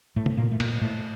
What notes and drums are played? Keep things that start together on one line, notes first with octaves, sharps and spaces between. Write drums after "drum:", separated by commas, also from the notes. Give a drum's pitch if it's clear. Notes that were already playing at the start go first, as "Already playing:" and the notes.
A2 A3
drum: tom
A#2 A#3
A3
A#2 A#3, drum: cymbal
A2 A3